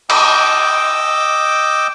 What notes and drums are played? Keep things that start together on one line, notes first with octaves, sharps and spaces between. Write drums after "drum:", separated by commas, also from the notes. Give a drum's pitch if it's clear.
D#5 G5 D6 E6, drum: cymbal